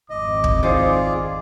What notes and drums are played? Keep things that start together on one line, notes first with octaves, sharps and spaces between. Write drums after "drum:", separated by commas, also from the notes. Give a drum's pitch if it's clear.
G#1 F2 D#5 D6
drum: kick
D#4 F4 G#4 C5 D5